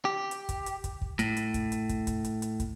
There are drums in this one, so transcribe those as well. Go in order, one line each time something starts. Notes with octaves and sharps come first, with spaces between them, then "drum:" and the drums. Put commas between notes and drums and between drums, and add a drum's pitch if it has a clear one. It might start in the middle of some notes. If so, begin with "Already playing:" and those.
G4
drum: hi-hat
drum: kick, hi-hat
drum: hi-hat
drum: kick, hi-hat
drum: kick
A2, drum: hi-hat
drum: hi-hat
drum: kick, hi-hat
drum: hi-hat
drum: kick, hi-hat
drum: kick, hi-hat
drum: hi-hat
drum: hi-hat
drum: kick, hi-hat